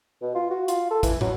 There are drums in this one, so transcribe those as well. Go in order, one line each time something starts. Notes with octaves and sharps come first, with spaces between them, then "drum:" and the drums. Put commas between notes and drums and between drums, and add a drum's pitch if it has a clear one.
B2
F4
F#4
F4, drum: hi-hat
A4
E3, drum: kick, hi-hat
F#3, drum: tom